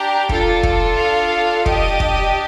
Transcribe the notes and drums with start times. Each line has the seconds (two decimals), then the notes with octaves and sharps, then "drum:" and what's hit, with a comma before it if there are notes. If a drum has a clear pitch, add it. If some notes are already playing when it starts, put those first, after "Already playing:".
Already playing: D4 G4 A#5
0.29 D4 F4 A4, drum: kick
0.63 drum: kick
0.98 F5
1.66 D4 G4 D#5, drum: kick
2.00 drum: kick